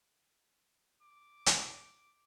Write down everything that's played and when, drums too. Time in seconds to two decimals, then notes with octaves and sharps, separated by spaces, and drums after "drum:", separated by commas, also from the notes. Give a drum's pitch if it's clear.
1.03 D6
1.46 drum: hi-hat